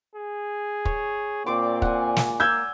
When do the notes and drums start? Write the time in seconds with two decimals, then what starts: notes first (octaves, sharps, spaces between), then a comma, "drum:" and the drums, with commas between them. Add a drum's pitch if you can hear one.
0.15 G#4
0.85 C#5, drum: kick
1.46 A#2 C4 D5 C6 D6
1.82 F#5 G#5, drum: kick
2.16 drum: snare
2.40 A#3 E6 G6 G#6